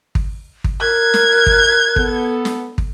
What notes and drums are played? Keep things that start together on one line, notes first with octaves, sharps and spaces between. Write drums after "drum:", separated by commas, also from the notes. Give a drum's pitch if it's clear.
drum: kick
drum: kick
A#4 F#6 G#6
drum: snare
drum: kick
B3 A4, drum: kick
drum: snare
drum: kick